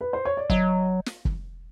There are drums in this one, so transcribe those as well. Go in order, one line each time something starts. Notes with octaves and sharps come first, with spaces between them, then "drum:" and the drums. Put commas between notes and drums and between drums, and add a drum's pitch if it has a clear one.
B4
C5
C#5
D5
F#3 D#5, drum: kick
drum: snare
drum: kick